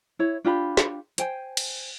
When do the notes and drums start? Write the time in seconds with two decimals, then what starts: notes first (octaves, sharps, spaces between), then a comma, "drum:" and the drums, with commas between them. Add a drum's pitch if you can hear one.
0.19 E4 C#5
0.45 D4 F4 G4 B5
0.77 drum: snare
1.18 C5 G5 G#5, drum: hi-hat
1.57 drum: cymbal